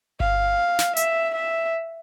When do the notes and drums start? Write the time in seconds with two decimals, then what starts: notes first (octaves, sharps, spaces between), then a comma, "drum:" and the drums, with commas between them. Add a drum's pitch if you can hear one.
0.20 F5, drum: kick G1
0.79 drum: snare
0.97 E5, drum: hi-hat
1.35 E5